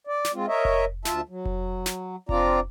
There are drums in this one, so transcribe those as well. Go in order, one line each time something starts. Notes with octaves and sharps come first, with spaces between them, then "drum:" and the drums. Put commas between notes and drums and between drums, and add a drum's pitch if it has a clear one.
D5
drum: snare
G#3 C4 F4
A#4 C#5 D#5 E5
drum: kick F1
D2 F4 E5 A5, drum: snare
F#3
drum: kick F1
drum: snare
C4 D4 F4 D5 A#5, drum: kick F1